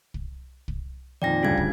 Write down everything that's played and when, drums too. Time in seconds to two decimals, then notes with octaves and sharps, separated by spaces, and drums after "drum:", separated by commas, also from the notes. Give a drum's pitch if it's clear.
0.14 drum: kick
0.68 drum: kick
1.22 F2 A#2 D#3 D5 G5 A#6
1.43 D2 G2 C#3 F4 G#6
1.57 drum: kick